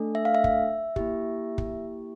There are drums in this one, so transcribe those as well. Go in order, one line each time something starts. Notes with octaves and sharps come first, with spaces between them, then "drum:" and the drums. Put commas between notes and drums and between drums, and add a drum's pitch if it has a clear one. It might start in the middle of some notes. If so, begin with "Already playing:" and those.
Already playing: A3 D4 A4
E5
F5
E5
drum: kick
A#3 E4 G4, drum: kick
drum: kick